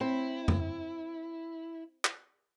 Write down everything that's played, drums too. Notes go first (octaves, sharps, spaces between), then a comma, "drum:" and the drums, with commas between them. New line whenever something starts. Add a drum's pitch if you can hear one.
C4 E4
drum: tom F2
drum: clap